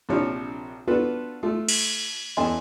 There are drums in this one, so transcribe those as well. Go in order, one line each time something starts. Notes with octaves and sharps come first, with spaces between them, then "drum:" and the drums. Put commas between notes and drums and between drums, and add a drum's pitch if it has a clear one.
A#1 C3 F3 D4 C#5
B3 D4 F4 F#4 A4 B4
A3 F4
drum: cymbal
E2 C#4 A4 D#5 G#5 C6